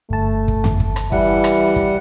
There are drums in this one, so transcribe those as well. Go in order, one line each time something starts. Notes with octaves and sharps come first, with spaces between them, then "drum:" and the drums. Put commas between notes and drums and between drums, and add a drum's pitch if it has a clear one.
G1 A3 A5
drum: kick
drum: tom F2
drum: kick
drum: rim click
E3 G3 E5 F#5, drum: kick
drum: rim click
drum: kick